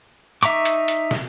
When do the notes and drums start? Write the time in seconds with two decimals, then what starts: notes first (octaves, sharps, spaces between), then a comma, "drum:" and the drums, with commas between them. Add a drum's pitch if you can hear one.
0.43 D#4 E5 A#5 C#6 D6, drum: hi-hat
0.65 drum: hi-hat
0.88 drum: hi-hat
1.11 drum: snare